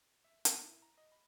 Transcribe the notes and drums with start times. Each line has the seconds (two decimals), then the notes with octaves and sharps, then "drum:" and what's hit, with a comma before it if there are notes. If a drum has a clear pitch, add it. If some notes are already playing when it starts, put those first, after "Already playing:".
0.24 E5
0.45 A#2, drum: hi-hat
0.64 E4
0.82 A#5
0.98 D#5
1.12 B5